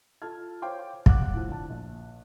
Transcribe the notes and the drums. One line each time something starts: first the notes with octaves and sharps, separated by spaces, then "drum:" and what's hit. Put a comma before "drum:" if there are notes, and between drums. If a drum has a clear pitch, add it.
F4 A4 A5 F6 G#6
C5 C#5 F5 G5 C6 D6
F5 F#5 D6 F#6, drum: kick
A2 F3
D3 A5
A#1